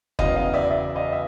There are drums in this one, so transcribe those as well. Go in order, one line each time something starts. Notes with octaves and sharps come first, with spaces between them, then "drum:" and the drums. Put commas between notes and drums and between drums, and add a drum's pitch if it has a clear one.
E2 C#3 F#3 B3 D#5 F5, drum: kick F#1
D#5 F5
D5 E5
D5 E5
D#5 F5
E5